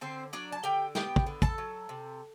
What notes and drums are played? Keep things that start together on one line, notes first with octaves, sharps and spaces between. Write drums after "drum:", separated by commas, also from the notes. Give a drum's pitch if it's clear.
D3 C4 C5
F#3 D4 D5
A5
D3 G4 G5
B3 G4 G5, drum: snare
drum: kick
D3
A4 A5, drum: kick
F#3
C3